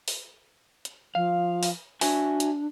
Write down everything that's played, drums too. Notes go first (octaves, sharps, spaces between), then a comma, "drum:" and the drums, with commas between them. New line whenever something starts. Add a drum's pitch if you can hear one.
drum: open hi-hat
drum: hi-hat
F3 F5
drum: open hi-hat
D4 F#4 E5 G#5, drum: open hi-hat
drum: hi-hat